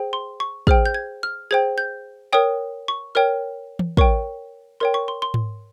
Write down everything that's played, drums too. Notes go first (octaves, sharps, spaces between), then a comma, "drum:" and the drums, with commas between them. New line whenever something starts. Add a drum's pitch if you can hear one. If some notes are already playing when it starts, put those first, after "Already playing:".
Already playing: G#4 C5 G5
C6
C#6
G#4 C5 G5 F6, drum: kick
G6
G#6
F6
G#4 C5 G5 G#6
G6
A#4 C#5 G5 D#6
C#6
A#4 C#5 G5 F6
drum: tom E3
A#4 C#5 G5 C#6, drum: kick
A#4 C#5 G5 C6
C#6
C6
C6
drum: tom G#2